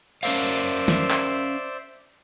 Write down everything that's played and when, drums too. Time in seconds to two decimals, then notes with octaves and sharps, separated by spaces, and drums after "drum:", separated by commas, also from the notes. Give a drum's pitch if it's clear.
0.23 C#4 A#4 C5 D5 E5 F5, drum: cymbal
0.88 drum: snare
1.11 drum: clap